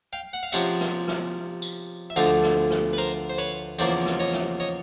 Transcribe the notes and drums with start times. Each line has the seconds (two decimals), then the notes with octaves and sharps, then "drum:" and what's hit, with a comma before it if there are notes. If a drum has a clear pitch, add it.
0.13 F5 G5
0.33 F#5
0.43 F5
0.52 C3 F3 G#3 C#4 E5 F#5, drum: tambourine
0.81 drum: rim click
1.08 drum: rim click
1.62 drum: tambourine
2.10 E5
2.16 D2 D3 F3 A3 D#5 F5, drum: tambourine
2.43 drum: rim click
2.71 drum: rim click
2.93 B4
2.98 A#4 C5
3.30 C5
3.38 B4 C#5
3.79 E2 C#3 F3 A#3 C5 D5, drum: tambourine
4.06 drum: rim click
4.19 C#5 D#5
4.33 drum: rim click
4.60 C#5 D#5